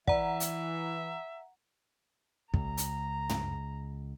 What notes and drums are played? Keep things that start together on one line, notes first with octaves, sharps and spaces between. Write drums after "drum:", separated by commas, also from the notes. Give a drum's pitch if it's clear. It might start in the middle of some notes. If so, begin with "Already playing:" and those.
E3 D5 E5 F#5 A#5, drum: kick
drum: hi-hat
C#2 A#5, drum: kick
drum: hi-hat
drum: tom